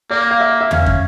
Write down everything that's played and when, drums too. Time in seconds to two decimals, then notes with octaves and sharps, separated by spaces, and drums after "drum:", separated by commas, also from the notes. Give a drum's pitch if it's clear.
0.10 A#3 D5
0.31 F5
0.40 E5
0.61 E5
0.71 C#4 F5, drum: tom
0.86 drum: kick